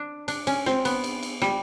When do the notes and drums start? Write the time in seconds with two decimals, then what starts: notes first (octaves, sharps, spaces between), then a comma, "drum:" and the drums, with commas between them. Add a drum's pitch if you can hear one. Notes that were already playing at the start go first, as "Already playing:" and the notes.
Already playing: D4
0.28 D4, drum: cymbal
0.47 C#4, drum: cymbal
0.66 C4, drum: snare
0.85 B3, drum: cymbal
1.04 drum: cymbal
1.23 drum: cymbal
1.42 G3, drum: snare